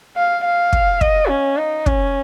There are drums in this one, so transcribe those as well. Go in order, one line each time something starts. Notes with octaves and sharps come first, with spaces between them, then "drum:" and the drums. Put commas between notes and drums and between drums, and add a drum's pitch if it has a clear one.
F5
F5
drum: kick
D#5, drum: kick
C#4
D#4
C#4, drum: kick